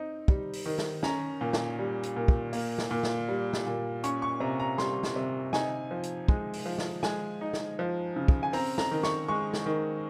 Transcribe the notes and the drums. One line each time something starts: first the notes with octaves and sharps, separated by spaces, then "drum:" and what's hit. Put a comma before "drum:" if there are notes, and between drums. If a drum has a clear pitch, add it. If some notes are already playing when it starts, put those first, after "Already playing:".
Already playing: C4 D#4
G3, drum: kick
drum: open hi-hat
D#3
drum: snare
C#4 A#5, drum: snare
A#2
drum: snare
G3
drum: hi-hat
A#2
drum: kick
A#3, drum: open hi-hat
drum: snare
A#2
drum: snare
G3
drum: snare
A#2
C#4 C#6, drum: hi-hat
C#6
C3 A#5
A#5
G3 C6, drum: snare
drum: snare
C3
D#4 G#5, drum: snare
F3
drum: hi-hat
G#3, drum: kick
drum: open hi-hat
F3
drum: snare
G#3 G#5, drum: snare
D#4
drum: snare
F3
C#3
drum: kick
G#5
C4 A#5, drum: open hi-hat
A#5, drum: snare
D#3
C#6, drum: snare
G#3 C#6
drum: snare
D#3